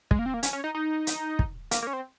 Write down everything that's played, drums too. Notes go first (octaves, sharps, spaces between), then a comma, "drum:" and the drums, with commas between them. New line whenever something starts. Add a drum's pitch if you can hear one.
G#3, drum: kick
A#3
C4
A#3
C#4, drum: hi-hat
C#4
D#4
D#4
drum: hi-hat
drum: kick
A#3, drum: hi-hat
A#3
C#4
C4